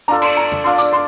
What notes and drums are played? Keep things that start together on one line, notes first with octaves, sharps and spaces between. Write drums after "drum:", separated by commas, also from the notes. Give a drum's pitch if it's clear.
D4 F4 A4 A#5
C6, drum: cymbal
A#5
drum: tom F2
D4 F4 A4 C6
D6, drum: tambourine
C6